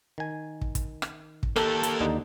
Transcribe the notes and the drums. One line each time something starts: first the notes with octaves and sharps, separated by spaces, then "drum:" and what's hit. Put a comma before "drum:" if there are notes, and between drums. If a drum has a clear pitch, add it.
D#3 G#5
drum: kick
drum: kick, hi-hat
drum: rim click
drum: kick
A#3 G4 A4, drum: rim click
drum: hi-hat
D#2 D3 D#4